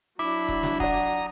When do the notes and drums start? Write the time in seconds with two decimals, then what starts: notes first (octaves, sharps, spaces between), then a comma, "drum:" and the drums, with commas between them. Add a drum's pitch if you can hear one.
0.19 F#3 D4 E4 B5 D6
0.48 drum: kick D#1
0.63 drum: snare
0.80 D5 F#5 A#5 D#6, drum: kick D#1